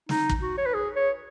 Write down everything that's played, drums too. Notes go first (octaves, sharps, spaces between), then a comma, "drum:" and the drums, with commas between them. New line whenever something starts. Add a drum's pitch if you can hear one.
D#4, drum: snare
drum: kick
F#4
C#5
B4
G#4
C#5